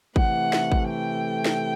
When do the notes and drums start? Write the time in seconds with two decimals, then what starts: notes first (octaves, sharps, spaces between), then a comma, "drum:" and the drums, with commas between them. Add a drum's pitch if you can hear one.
0.16 C3 E3 A3 F#5, drum: kick
0.53 drum: snare
0.72 drum: kick
0.90 G5
1.45 drum: snare